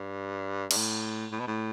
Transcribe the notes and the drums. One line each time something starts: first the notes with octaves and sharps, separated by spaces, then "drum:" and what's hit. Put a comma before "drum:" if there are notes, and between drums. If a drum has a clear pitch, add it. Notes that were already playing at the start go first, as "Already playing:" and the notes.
Already playing: G2
G2, drum: cymbal
A2
A2
B2
A2